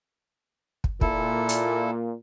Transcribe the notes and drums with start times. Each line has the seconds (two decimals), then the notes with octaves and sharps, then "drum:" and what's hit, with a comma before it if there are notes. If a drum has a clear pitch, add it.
0.84 drum: kick
1.01 A#2 E4 A4, drum: kick
1.49 drum: hi-hat